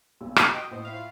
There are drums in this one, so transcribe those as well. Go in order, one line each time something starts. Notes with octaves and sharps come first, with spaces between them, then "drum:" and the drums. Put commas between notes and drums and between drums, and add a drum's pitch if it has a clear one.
B1 G3 E6
E5 E6, drum: rim click
B2 D#5 G5
A2 B3 C5 D#5
E4 F5
F4